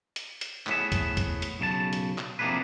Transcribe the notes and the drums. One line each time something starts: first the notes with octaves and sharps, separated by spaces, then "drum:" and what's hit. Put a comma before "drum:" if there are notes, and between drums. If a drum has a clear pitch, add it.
drum: hi-hat
drum: hi-hat
A2 B3 G#4 E5, drum: clap
drum: kick, hi-hat
drum: kick, hi-hat
drum: hi-hat
B1 C#3 A4 A5
drum: hi-hat
drum: clap
F2 C3 A#3 D4 G#4 B4